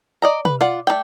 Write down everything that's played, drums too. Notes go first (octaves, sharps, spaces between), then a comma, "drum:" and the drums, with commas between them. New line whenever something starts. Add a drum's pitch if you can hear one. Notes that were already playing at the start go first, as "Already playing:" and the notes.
D5 D#5 A#5
B4, drum: tom
F4 D5 F#5
A3 D#4 D5 G5